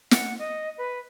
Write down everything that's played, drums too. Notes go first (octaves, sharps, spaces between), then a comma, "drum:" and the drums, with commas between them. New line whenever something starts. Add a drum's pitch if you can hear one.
F#5, drum: snare
D#5
B4